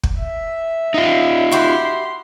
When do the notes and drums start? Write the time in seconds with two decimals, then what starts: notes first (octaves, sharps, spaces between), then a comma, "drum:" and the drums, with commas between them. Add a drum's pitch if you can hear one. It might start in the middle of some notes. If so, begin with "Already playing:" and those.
0.03 drum: kick
0.20 E5
0.94 D#4 F4
1.51 E4 F#4 G4 C6